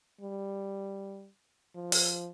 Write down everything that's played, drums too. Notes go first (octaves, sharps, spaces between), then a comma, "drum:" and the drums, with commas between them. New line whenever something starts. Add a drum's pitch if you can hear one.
G3
F3
drum: open hi-hat